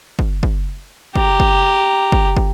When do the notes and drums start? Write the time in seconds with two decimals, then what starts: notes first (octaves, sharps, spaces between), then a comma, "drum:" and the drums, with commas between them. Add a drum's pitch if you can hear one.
0.19 drum: kick
0.43 drum: kick
1.16 G4 A#5, drum: kick
1.40 drum: kick
2.12 drum: kick
2.37 drum: kick